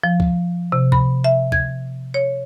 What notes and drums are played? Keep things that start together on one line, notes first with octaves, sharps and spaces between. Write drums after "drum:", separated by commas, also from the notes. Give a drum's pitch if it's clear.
F3
drum: kick
C3
B5, drum: kick
E5
G#6, drum: kick
C#5